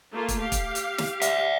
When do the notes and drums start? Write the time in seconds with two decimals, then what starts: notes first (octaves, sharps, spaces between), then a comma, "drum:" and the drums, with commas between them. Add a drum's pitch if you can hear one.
0.11 A3 A#3 F4
0.28 drum: kick, hi-hat
0.40 G4 F5
0.52 drum: kick, hi-hat
0.75 drum: hi-hat
0.98 drum: snare
1.22 D5 E5, drum: hi-hat